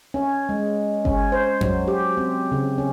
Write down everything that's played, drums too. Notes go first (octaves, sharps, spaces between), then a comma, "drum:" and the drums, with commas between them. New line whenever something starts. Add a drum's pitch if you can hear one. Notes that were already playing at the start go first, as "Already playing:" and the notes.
C#4
G#3
C#4, drum: kick G1
C5
F#3, drum: tom F2
G4
C4
C#3
C#4